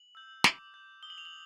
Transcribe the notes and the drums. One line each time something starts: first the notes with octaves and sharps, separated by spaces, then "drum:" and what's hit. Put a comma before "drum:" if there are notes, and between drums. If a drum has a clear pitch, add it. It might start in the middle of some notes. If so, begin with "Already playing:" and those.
Already playing: F#7
E6 G6
D6, drum: snare
G6
D#6 G7
F#7
F7
F#7